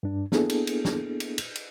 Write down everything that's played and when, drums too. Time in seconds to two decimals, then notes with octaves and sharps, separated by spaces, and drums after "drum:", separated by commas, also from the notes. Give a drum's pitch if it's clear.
0.03 G2 D4
0.32 A#3 B3 D4 E4 G#4 A4, drum: snare
0.49 drum: cymbal
0.67 drum: cymbal
0.85 drum: snare
1.20 drum: cymbal
1.38 drum: cymbal
1.55 drum: cymbal